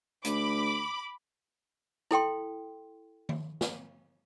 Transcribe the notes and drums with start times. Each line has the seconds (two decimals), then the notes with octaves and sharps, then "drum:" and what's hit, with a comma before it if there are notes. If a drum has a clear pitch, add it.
0.25 D2 B5 D6, drum: hi-hat
2.11 E4 A4 G5 C6, drum: rim click
3.29 drum: tom D#3
3.61 drum: snare